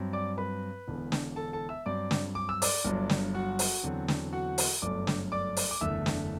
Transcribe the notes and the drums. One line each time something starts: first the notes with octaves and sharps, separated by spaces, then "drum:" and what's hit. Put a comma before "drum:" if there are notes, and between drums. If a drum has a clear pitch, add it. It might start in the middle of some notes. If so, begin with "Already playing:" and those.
Already playing: G2 F#3 C4
D5 D6
B4 B5
E1 E2 D3
drum: snare
A4 A5
A4 A5
E5 E6
G2 F#3 C4 D5 D6
drum: snare
D6
E6
D5 D6, drum: open hi-hat
G1 G2 F#3
drum: snare
F#4 F#5
drum: open hi-hat
E2 D3 F#3 C4
drum: snare
F#4 F#5
drum: open hi-hat
G1 F#2 F#3 A3 D5 D6
drum: snare
D5 D6
drum: open hi-hat
D6
F#1 E2 D3 A3 E5 E6
drum: snare